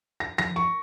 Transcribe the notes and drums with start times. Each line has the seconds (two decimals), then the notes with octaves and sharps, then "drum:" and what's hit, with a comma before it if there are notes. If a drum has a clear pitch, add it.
0.20 A#6
0.38 A#6, drum: tom F3
0.56 C#6